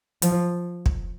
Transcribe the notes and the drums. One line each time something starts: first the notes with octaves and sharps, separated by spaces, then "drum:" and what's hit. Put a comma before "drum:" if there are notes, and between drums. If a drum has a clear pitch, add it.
F3, drum: hi-hat
drum: kick